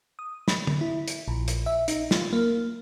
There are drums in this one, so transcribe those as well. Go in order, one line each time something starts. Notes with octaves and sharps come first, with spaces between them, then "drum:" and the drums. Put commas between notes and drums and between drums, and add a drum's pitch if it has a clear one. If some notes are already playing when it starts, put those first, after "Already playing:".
D#6
B5, drum: snare
drum: tom
E4
drum: hi-hat
A#1
drum: hi-hat
E5
D#4, drum: hi-hat
F4, drum: snare
A#3